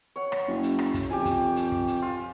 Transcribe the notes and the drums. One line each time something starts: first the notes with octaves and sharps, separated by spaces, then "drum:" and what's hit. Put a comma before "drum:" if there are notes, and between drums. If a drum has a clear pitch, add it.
C#5 F#5
drum: rim click
F#1
drum: hi-hat
drum: rim click
drum: kick, hi-hat
F2 G4 G#5
drum: kick, hi-hat
drum: hi-hat
drum: kick
drum: hi-hat
F4